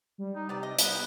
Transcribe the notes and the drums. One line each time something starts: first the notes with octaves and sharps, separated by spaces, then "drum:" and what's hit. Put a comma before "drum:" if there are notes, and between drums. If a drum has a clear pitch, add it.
G3
D#4
C3 B3 D5
D#5
B3, drum: hi-hat
G5